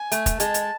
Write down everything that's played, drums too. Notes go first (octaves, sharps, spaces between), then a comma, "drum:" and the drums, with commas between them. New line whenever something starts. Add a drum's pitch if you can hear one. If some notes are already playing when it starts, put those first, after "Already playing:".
Already playing: G#5
A3, drum: hi-hat
drum: kick, hi-hat
G#3 A5, drum: hi-hat
drum: hi-hat